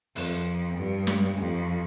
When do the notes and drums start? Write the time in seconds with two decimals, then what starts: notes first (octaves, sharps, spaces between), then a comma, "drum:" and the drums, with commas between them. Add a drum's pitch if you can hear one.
0.16 F2, drum: open hi-hat
0.77 G2
1.07 drum: snare
1.38 F2